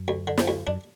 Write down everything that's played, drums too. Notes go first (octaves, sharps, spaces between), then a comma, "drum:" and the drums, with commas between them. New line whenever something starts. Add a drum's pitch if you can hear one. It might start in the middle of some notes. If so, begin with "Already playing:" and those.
Already playing: F#2
D2
D3
drum: snare
D2
F#2 D4